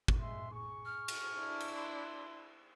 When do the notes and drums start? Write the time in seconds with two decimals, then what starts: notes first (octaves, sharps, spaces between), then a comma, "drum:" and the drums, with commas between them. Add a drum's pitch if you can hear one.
0.08 drum: kick
0.18 G#3 E5 C6
0.51 G#4 C#6
0.85 F6
1.08 drum: cymbal
1.36 D4 E4
1.60 drum: cymbal
1.76 C6